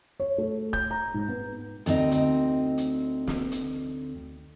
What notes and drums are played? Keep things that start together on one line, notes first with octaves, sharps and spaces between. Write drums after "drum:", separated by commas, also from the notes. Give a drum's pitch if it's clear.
C#5
A3
G6, drum: kick E1
A#5
G#2
B3
D2 C4 D#4 D#5, drum: hi-hat
drum: hi-hat
drum: hi-hat
drum: snare
drum: hi-hat